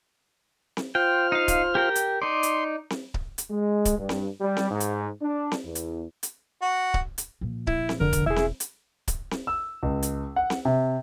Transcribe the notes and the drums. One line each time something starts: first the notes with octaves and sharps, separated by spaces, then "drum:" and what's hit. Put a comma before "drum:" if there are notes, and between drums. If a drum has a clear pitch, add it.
drum: snare C4
F4 C5 G5 F6
D#4 F5
drum: kick C#1, hi-hat
G4 A#4 G5
drum: hi-hat
D#4 D5 C6
drum: hi-hat
drum: snare C4
drum: kick C#1
drum: hi-hat
G#3
drum: kick C#1, hi-hat
G2
drum: snare C4
G3
drum: snare C4
G#2
drum: hi-hat
D4
drum: snare C4
E2
drum: hi-hat
drum: hi-hat
F#4
drum: kick C#1
drum: hi-hat
A#2 F3
E4, drum: kick C#1
drum: snare C4
F1 F2 D3 A#4
drum: kick C#1, hi-hat
E1 E4 G#4 E5
drum: snare C4
drum: hi-hat
drum: kick C#1, hi-hat
drum: snare C4
E6
C#2
drum: hi-hat
F#5
drum: snare C4
C3